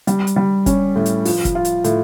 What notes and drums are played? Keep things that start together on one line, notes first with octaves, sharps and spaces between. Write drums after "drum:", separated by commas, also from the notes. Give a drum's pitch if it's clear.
G3, drum: hi-hat
drum: hi-hat
G3
C#4, drum: kick, hi-hat
A2
drum: hi-hat
F3, drum: open hi-hat
drum: kick, hi-hat
F4
drum: hi-hat
A2, drum: hi-hat